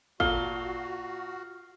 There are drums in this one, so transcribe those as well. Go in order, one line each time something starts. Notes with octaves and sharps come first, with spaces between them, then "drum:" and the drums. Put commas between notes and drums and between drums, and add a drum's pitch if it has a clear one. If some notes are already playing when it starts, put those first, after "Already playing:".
A#2 F4 F#4 A4 F5 G7, drum: kick